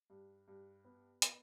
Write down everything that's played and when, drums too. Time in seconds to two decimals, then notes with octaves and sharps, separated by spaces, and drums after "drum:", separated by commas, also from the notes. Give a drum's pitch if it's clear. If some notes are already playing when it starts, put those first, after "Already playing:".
0.10 G2
0.48 G2
0.85 B3
1.22 B3, drum: hi-hat